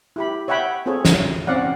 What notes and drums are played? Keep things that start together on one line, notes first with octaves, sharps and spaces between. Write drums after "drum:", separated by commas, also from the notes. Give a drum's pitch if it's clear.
E4 G4 B5
C#5 E5 F#5 G5 B5
C4 F4 G#4 A4 C#5
drum: snare
C4 C#4 D5 F5 F#5